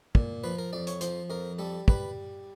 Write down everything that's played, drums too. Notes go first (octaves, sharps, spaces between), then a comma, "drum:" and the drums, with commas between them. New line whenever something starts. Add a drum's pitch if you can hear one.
A#2, drum: kick
F3 B4
A#4
F2 D5
C#5, drum: hi-hat
F3 C5, drum: hi-hat
F2 A#4
G3 A4
G3 B4, drum: kick